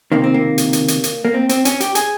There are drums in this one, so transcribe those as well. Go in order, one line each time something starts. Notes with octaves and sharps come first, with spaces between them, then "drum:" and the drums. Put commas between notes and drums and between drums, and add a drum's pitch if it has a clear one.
C#2 C3 D#3 A#3
C4
A#3
drum: hi-hat
drum: hi-hat
drum: hi-hat
drum: hi-hat
A#3
C4
C4, drum: hi-hat
C#4, drum: hi-hat
G4, drum: hi-hat
G#4, drum: hi-hat